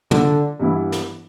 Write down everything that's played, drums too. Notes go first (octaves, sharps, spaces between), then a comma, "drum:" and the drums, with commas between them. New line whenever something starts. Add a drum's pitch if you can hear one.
D3, drum: tom
G2 E3 B3 E4
drum: snare